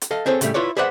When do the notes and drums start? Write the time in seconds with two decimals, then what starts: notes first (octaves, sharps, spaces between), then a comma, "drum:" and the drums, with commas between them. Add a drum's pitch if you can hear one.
0.01 drum: hi-hat
0.11 A4 D#5 F5
0.26 C4 G#4 A4 C5 C#5
0.41 A2 C#3 F3 G3 A3, drum: hi-hat
0.54 E4 F4 B4 C#5 D5
0.77 G#4 B4 C5 D5 E5 F#5